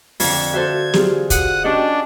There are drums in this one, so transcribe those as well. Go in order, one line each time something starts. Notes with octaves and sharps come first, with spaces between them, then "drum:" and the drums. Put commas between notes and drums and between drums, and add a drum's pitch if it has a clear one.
F2 D3 G#6, drum: open hi-hat
F#4 A4 C5 E5
F4 G4 G#4, drum: snare
F#5 D#6, drum: kick, hi-hat
C#4 D4 G4 A4 D#5